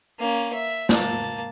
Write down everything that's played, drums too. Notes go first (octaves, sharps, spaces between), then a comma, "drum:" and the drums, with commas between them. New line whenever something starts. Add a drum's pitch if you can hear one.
A#3 C#4
E5
A#3 A5, drum: snare